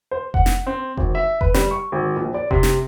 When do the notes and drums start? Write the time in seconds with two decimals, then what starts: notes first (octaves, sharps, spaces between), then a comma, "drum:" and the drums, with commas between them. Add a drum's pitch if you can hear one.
0.11 C5
0.34 F#5, drum: kick F1
0.46 drum: snare
0.67 C4
0.97 G#1, drum: kick F1
1.15 E5
1.41 B4, drum: kick F1
1.54 G3, drum: snare
1.71 C#6
1.92 G#1
2.17 A#1
2.34 D5
2.51 C3, drum: kick F1
2.63 drum: snare